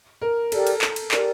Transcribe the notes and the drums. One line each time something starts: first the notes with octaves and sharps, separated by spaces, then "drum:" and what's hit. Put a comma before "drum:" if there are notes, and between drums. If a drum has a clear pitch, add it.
A#4
G4 A4 A#4 D5, drum: cymbal
drum: cymbal
drum: clap
drum: cymbal
G4 A#4 D5, drum: clap